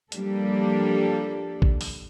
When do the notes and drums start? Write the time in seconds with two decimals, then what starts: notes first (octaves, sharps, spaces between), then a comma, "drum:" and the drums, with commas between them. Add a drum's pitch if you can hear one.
0.12 F3 G3 A#3 D4 G4 A4, drum: hi-hat
1.62 drum: kick A1
1.81 drum: open hi-hat